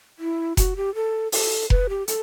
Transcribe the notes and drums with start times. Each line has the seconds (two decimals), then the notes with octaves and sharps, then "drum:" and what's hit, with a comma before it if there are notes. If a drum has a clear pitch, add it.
0.19 E4
0.57 F#4, drum: kick F1, hi-hat
0.76 G4
0.95 A4
1.32 A4, drum: open hi-hat
1.70 B4, drum: kick F1
1.89 G4
2.08 A4, drum: hi-hat